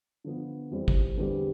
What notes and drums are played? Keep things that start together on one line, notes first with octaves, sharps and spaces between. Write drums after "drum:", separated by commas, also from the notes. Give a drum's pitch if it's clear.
D3 F3 B3
F2 E3 G3 C4
drum: kick
E2 D3 G3 C4 G4